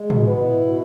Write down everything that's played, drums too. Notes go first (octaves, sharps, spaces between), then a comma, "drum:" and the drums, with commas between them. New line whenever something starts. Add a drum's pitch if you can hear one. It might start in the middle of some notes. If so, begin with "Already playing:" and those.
Already playing: G#3
B2, drum: tom
B3 B4
E4
B2